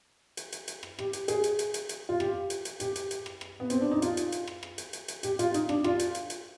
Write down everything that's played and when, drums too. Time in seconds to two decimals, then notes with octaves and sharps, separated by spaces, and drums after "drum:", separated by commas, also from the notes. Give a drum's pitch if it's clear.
0.37 drum: hi-hat
0.52 drum: hi-hat
0.68 drum: hi-hat
0.83 drum: rim click
0.99 G4, drum: rim click
1.13 drum: hi-hat
1.28 G#4, drum: hi-hat
1.44 drum: hi-hat
1.59 drum: hi-hat
1.74 drum: hi-hat
1.89 drum: hi-hat
2.09 F4
2.20 G4, drum: rim click
2.50 drum: hi-hat
2.65 drum: hi-hat
2.80 G4, drum: hi-hat
2.96 drum: hi-hat
3.11 drum: hi-hat
3.26 drum: rim click
3.41 drum: rim click
3.60 B3
3.70 C4, drum: hi-hat
3.81 D4
3.91 D#4
4.02 F4, drum: hi-hat
4.17 drum: hi-hat
4.32 drum: hi-hat
4.47 drum: rim click
4.63 drum: rim click
4.78 drum: hi-hat
4.93 drum: hi-hat
5.08 drum: hi-hat
5.23 G4, drum: hi-hat
5.39 F4, drum: hi-hat
5.54 D#4, drum: hi-hat
5.69 D4, drum: rim click
5.84 F4, drum: rim click
5.99 drum: hi-hat
6.15 drum: hi-hat
6.30 drum: hi-hat